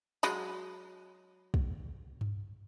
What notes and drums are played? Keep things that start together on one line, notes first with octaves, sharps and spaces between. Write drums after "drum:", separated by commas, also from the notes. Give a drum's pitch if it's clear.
F#3 G#3 B5, drum: tambourine
drum: kick
drum: tom G2